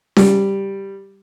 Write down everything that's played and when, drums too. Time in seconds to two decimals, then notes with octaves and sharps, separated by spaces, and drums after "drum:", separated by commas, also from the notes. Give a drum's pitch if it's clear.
0.17 G3, drum: snare C#4